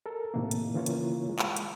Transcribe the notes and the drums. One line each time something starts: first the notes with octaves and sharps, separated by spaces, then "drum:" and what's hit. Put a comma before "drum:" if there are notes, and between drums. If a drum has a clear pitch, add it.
A4 A#4
A2 C3 D#3 A3 A#3
drum: hi-hat
C#3 E3 A#3 F4 A#4 C#5
drum: hi-hat
G#3
drum: clap
drum: hi-hat